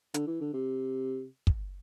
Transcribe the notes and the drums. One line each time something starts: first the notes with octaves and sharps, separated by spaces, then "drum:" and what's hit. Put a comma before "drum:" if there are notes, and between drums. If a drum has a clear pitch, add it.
D3, drum: hi-hat
E3
D3
C3
drum: kick